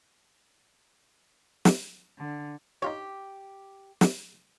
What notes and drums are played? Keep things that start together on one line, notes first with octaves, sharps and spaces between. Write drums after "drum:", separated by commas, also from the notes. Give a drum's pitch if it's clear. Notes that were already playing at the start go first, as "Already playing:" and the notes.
drum: snare
D3
D#4 F4 G4 C#5
drum: snare